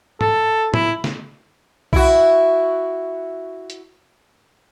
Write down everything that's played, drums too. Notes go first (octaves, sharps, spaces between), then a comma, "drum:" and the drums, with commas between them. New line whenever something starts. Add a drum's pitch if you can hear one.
A4, drum: tom
E4, drum: tom
drum: snare
E4 F#4, drum: kick B1
drum: hi-hat